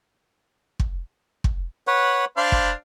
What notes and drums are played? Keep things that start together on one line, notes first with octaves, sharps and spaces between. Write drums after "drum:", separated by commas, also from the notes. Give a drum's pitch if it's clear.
drum: kick
drum: kick
B4 C#5 F#5
D4 C5 F5 B5
drum: kick